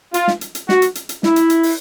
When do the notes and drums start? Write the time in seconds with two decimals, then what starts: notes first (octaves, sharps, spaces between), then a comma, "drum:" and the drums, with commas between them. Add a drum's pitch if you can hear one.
0.14 F4, drum: hi-hat
0.28 drum: snare
0.41 drum: hi-hat
0.55 drum: hi-hat
0.69 F#4, drum: snare
0.82 drum: hi-hat
0.95 drum: hi-hat
1.09 drum: hi-hat
1.23 E4, drum: snare
1.36 drum: hi-hat
1.50 drum: hi-hat
1.63 drum: open hi-hat